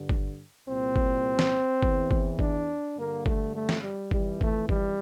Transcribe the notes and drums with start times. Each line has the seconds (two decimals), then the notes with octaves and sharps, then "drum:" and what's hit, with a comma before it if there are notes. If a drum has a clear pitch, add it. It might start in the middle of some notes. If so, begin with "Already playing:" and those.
Already playing: G2 D3
0.09 drum: kick G1
0.66 C2 A#2 C4
0.96 drum: kick G1
1.39 drum: snare
1.83 E2 E3, drum: kick G1
2.11 drum: kick G1
2.39 D4, drum: kick G1
2.97 G2 D3 A#3
3.26 A3, drum: kick G1
3.55 A3
3.69 drum: snare
3.83 G3
4.11 F2 E3 G3, drum: kick G1
4.41 A3, drum: kick G1
4.69 G3, drum: kick G1